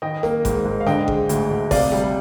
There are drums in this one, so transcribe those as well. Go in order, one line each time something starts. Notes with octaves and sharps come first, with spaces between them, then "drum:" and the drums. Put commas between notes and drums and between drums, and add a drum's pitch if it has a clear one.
D#3 D#5 G5
A#3, drum: snare
G#2, drum: kick G#1, hi-hat
G#2
F5
D3 D#5 G5, drum: snare
G#3, drum: kick G#1
D2, drum: hi-hat
D2
C3 D5 F5, drum: kick G#1, open hi-hat
G3, drum: snare